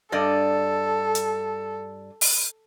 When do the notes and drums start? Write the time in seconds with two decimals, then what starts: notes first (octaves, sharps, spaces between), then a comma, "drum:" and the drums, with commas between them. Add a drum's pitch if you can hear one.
0.12 G2 A4 D5 D#5
1.15 drum: hi-hat
2.21 drum: open hi-hat